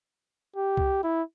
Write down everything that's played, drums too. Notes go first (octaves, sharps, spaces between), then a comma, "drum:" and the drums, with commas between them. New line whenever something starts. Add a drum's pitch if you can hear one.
G4
drum: kick C2
E4